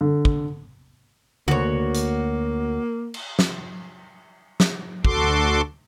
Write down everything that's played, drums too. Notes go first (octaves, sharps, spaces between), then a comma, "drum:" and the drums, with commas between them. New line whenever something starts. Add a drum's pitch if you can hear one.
D3
drum: kick
D2 A#3 F#4 C#5, drum: tom C#3
drum: hi-hat
drum: cymbal
drum: snare
drum: snare
D2 F#4 A4 C6 D6, drum: kick